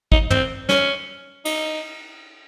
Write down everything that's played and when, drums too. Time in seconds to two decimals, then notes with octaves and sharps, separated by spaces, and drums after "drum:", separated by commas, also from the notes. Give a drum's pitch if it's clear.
0.12 D#4, drum: kick
0.31 C4, drum: tom
0.69 C#4, drum: snare
1.45 D#4, drum: cymbal